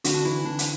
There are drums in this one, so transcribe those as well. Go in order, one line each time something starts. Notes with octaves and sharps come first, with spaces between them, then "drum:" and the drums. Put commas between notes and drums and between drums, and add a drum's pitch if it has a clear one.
D3 F#4, drum: hi-hat
D4
E3 E4
D3 D4
drum: hi-hat